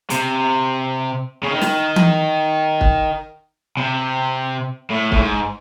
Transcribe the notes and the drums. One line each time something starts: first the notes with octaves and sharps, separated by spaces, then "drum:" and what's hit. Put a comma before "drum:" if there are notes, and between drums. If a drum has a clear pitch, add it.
C3, drum: hi-hat
C#3
D#3
drum: snare
drum: tom E3
drum: kick
C3
A2
A2, drum: kick
G#2